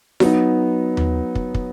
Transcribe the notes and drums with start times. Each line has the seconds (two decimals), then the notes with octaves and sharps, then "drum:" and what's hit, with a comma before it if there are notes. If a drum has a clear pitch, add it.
0.20 F#3 B3 D#4, drum: snare E4
0.97 drum: tom D#2
1.35 drum: kick
1.55 drum: kick